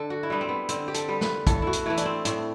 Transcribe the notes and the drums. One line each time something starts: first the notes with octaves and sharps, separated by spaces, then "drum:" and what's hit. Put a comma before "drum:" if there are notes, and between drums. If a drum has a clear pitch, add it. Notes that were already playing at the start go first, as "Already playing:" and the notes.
Already playing: D3 A4
F#4
E4
G3 B3 D4
C4
B3
D3 C4, drum: hi-hat
G4
A4, drum: hi-hat
G3 B3
B4, drum: snare
A2 A4, drum: kick, hi-hat
E4 F#4
drum: hi-hat
E3 A3 E4
D4, drum: hi-hat
C4
A2 C4, drum: hi-hat